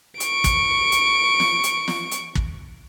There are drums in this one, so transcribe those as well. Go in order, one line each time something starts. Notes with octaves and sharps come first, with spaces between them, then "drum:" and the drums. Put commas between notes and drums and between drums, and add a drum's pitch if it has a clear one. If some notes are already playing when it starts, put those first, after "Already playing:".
C#6 D7, drum: hi-hat
drum: kick, hi-hat
drum: hi-hat
drum: snare
drum: hi-hat
drum: snare
drum: hi-hat
drum: kick